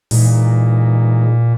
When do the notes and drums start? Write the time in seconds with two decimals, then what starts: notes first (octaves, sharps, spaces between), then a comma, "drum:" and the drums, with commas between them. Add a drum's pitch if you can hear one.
0.11 A#2 E3 G#3 D#4, drum: open hi-hat